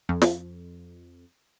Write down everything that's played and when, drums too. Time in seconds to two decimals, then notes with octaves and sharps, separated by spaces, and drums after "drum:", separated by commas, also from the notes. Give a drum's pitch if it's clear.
0.09 F2
0.22 drum: snare